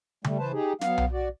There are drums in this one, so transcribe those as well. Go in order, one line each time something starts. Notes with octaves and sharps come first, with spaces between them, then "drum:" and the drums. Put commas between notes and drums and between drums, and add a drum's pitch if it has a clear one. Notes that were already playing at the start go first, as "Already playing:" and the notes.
G3 A3, drum: tom C#3
E3 B4 C5 A5
D#4 G4 G#4
F#3 B3 F5, drum: snare
drum: tom B1
F#4 D5